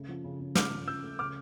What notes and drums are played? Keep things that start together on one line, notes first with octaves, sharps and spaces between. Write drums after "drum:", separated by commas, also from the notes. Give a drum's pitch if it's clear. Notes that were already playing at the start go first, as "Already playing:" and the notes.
Already playing: C#3 A3
F3
C#3
C#3
F3 D6 F6, drum: snare
C#3
F3 E6 G6
A3
C#3 D6 F6